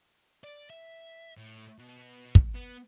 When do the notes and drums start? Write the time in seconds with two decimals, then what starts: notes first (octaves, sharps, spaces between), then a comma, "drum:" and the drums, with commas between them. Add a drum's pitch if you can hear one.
0.44 D5
0.70 E5
1.37 A2
1.79 B2
2.35 drum: kick
2.54 B3